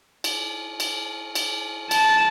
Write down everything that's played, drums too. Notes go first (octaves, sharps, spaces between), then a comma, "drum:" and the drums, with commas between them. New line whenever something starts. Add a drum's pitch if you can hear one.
drum: cymbal
drum: cymbal
drum: cymbal
A5, drum: cymbal